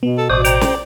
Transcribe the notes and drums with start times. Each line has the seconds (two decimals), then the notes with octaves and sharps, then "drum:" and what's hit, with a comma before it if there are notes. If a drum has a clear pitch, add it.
0.03 B2 B3
0.18 A4
0.30 A1 F#4 C5 D5 D#6
0.45 C5 G5 A#5, drum: hi-hat
0.61 drum: snare